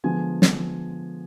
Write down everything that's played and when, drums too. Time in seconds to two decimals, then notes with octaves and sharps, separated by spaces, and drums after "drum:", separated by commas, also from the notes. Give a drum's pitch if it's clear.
0.04 D3 F3 G#3 B3 G#5
0.42 drum: snare